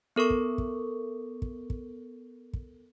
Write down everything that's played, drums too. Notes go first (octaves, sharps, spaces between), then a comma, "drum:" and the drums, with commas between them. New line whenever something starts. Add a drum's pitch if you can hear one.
B3 A4 A#4 C#6
drum: kick
drum: kick
drum: kick
drum: kick
drum: kick